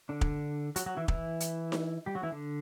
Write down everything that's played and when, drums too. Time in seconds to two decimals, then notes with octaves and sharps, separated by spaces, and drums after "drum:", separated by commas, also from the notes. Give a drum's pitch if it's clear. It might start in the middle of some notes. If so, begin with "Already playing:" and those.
0.09 D3 D4
0.21 drum: kick
0.76 F#3 F#4, drum: hi-hat
0.86 F#3 F#4
0.97 E3 E4
1.08 E3 E4, drum: kick
1.40 drum: hi-hat
1.72 drum: snare D#4
2.06 G3 G4
2.15 F#3 F#4
2.23 E3 E4
2.32 D3 D4